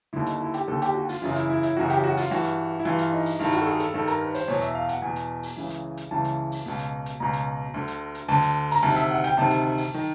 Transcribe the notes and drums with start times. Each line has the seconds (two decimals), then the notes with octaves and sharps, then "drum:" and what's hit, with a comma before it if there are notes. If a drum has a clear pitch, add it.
0.13 D#2 D3 E4
0.26 D#4, drum: hi-hat
0.41 E4
0.54 G4, drum: hi-hat
0.68 D#2 D3 A4
0.82 G4, drum: hi-hat
0.94 F#4
1.09 F4, drum: open hi-hat
1.22 F#2 C#3 E3 F4
1.36 E4, drum: hi-hat
1.50 E4
1.63 E4, drum: hi-hat
1.77 F#2 C#3 E3 F#4
1.90 G4, drum: hi-hat
2.04 F#4
2.17 F4, drum: open hi-hat
2.30 G2 E3 F#4
2.44 drum: hi-hat
2.80 E4
2.85 G2 E3 F4
2.99 drum: hi-hat
3.12 D#4
3.26 drum: open hi-hat
3.39 G2 D#3 E4
3.53 F#4, drum: hi-hat
3.61 A4
3.66 G#4
3.80 A4, drum: hi-hat
3.94 G2 D#3 A4
4.07 A#4, drum: hi-hat
4.21 B4
4.35 C5, drum: open hi-hat
4.48 E2 B2 C#5
4.61 E5, drum: hi-hat
4.75 F5
4.89 F#5, drum: hi-hat
5.02 E2 B2 G#5
5.16 drum: hi-hat
5.43 drum: open hi-hat
5.56 C#2 C#3 E3
5.70 drum: hi-hat
5.97 drum: hi-hat
6.11 C#2 C#3 E3 A5
6.25 drum: hi-hat
6.52 drum: open hi-hat
6.66 C#2 B2
6.79 drum: hi-hat
7.06 drum: hi-hat
7.20 C#2 B2 A#5
7.33 drum: hi-hat
7.74 D2 D3
7.88 drum: hi-hat
8.15 drum: hi-hat
8.29 D2 D3 A5
8.42 drum: hi-hat
8.71 A#5, drum: open hi-hat
8.83 D2 C3 D#3 A5
8.96 E5, drum: hi-hat
9.10 F#5
9.24 G5, drum: hi-hat
9.37 D2 C3 D#3 A5
9.51 drum: hi-hat
9.78 drum: open hi-hat
9.94 D#3